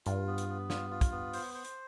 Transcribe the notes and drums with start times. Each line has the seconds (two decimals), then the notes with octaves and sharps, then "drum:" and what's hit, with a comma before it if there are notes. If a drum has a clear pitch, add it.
0.06 G2 F4, drum: hi-hat
0.27 B3
0.38 drum: hi-hat
0.49 B3
0.70 F4, drum: snare
0.90 F4
1.01 drum: kick, hi-hat
1.12 B3
1.33 C5, drum: open hi-hat
1.54 C5
1.65 drum: hi-hat